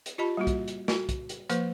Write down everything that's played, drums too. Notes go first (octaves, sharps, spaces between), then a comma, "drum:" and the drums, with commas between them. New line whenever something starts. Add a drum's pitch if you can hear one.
drum: hi-hat
F4 G4 D#5 A5 B5
G3 A#3 F#4
drum: kick, hi-hat
drum: hi-hat
F#4, drum: snare
drum: kick, hi-hat
drum: hi-hat
F3 A#3 B4 C#6, drum: hi-hat